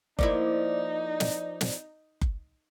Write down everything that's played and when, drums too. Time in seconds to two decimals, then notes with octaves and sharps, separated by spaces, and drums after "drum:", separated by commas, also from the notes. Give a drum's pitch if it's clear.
0.19 F3 A#3 D#4 E4 D5, drum: kick F#1
1.20 drum: snare
1.61 drum: snare
2.21 drum: kick F#1